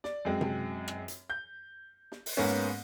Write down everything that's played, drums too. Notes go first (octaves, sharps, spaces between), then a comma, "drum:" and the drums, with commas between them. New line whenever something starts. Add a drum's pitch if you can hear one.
D5, drum: snare
F#2 G#3 C4
drum: tom C3
drum: rim click
drum: hi-hat
G6
drum: snare
drum: open hi-hat
G#2 A#3 B3 C#4